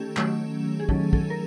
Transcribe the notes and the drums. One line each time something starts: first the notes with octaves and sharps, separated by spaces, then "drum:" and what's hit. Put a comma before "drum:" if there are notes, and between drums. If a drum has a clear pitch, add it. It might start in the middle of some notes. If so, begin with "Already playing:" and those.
Already playing: D#3 A3 C#4 G4 A4
D#3 F#3 A3 C#4, drum: clap
G#4
D#3 F#3 A3 C#4 A4, drum: kick
A4, drum: kick
A#4